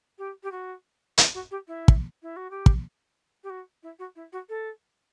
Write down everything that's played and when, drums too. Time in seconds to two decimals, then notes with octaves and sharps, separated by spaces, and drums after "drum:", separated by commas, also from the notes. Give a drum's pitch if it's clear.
0.18 G4
0.43 G4
0.51 F#4
1.18 E4, drum: hi-hat
1.34 F#4
1.51 G4
1.67 E4
1.88 drum: kick
2.22 E4
2.36 F#4
2.50 G4
2.66 drum: kick
3.43 G4
3.49 F#4
3.82 E4
3.99 F#4
4.15 E4
4.32 F#4
4.49 A4